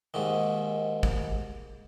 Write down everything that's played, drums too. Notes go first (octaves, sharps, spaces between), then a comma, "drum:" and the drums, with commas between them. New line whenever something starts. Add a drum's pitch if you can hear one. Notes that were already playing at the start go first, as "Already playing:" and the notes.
D#2 G#2 D#3
drum: kick G#1